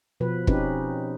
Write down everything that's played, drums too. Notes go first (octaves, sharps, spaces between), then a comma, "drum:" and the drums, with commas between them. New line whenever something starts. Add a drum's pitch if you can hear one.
B2 F3 B4
C4 C#4 D#4 G4 B4, drum: kick